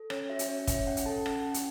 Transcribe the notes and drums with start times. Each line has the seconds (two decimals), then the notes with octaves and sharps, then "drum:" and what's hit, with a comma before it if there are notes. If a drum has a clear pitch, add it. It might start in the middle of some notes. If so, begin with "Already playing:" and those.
Already playing: A4
0.10 C#4 C#5, drum: rim click
0.30 F#4 E5
0.39 drum: hi-hat
0.48 C#4 C#5
0.67 C#4 E5, drum: kick, hi-hat
0.87 C#4 F#5
0.97 drum: hi-hat
1.06 A4 A5
1.26 C#4 F#5, drum: rim click
1.45 C#4
1.54 drum: hi-hat